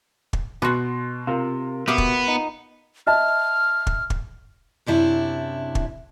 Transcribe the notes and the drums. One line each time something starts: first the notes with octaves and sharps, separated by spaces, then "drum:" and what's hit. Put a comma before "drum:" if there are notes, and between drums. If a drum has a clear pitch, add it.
drum: kick
B2 B3 F#4 C6
C3 F4 A#4
B2 B3 G4 E5 F5
drum: kick
D#4
D#5 E5 A5 F6
drum: kick
drum: kick
F#2 C3 D4 E4
drum: kick